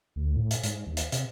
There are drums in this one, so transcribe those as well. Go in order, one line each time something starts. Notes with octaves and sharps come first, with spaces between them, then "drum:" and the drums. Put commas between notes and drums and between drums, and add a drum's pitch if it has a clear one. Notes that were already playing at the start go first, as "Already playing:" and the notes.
D2
A2
drum: hi-hat
G#2, drum: hi-hat
D#2
drum: hi-hat
C3, drum: hi-hat